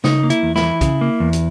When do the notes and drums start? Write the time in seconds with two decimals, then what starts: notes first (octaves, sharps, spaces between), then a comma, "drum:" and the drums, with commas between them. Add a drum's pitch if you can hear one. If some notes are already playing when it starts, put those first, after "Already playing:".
0.04 C#3 D#4, drum: snare
0.23 A#3
0.30 E4, drum: hi-hat
0.43 E2
0.56 E4, drum: snare
0.62 E3
0.81 C#3, drum: kick, hi-hat
1.01 A#3
1.20 E2
1.33 drum: hi-hat